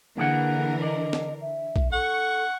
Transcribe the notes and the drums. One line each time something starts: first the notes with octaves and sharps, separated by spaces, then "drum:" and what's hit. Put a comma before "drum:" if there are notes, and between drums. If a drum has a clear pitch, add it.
D3 E3 A#3 G#4 A#4 F#5
D4 D#5
drum: snare
E5
drum: kick
A4 F#5 C#6